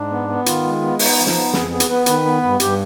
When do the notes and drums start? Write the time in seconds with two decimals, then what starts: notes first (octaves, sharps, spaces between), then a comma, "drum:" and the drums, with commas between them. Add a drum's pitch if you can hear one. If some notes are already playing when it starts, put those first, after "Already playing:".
Already playing: G#2 D4
0.11 B3
0.28 B3
0.46 D#3 F4, drum: hi-hat
0.64 G#3
0.81 B3
0.99 B3 D#4, drum: open hi-hat
1.18 F3
1.27 D#4, drum: snare
1.36 B3
1.53 F2 G#4, drum: snare
1.70 B3 G#4
1.80 drum: hi-hat
1.89 B3 B4
2.06 D#3 B4, drum: hi-hat
2.25 B3
2.43 G2
2.60 G2 G4, drum: hi-hat